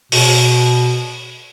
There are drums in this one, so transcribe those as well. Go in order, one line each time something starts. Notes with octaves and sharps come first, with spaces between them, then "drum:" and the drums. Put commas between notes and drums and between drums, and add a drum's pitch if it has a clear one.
B2, drum: open hi-hat